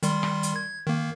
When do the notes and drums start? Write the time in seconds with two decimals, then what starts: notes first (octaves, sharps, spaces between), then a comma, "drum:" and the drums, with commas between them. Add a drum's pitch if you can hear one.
0.03 D#3 G3 C6, drum: hi-hat
0.23 drum: rim click
0.43 drum: hi-hat
0.56 G#6
0.87 D#3 A#3